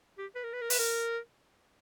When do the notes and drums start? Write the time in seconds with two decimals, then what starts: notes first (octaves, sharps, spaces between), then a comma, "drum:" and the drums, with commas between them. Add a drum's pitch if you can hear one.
0.18 G4
0.35 B4
0.44 A#4
0.53 B4
0.62 A#4
0.70 B4, drum: open hi-hat
0.79 A#4